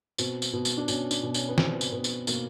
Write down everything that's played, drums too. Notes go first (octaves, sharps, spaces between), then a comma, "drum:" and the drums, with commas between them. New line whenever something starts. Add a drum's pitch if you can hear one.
B2 C4, drum: tambourine
drum: tambourine
B2
drum: tambourine
D4
B2 C#4, drum: tambourine
D4, drum: tambourine
B2
C#4, drum: tambourine
B3
B2 C4, drum: snare
drum: tambourine
B2 B3
drum: tambourine
B2 A#3, drum: tambourine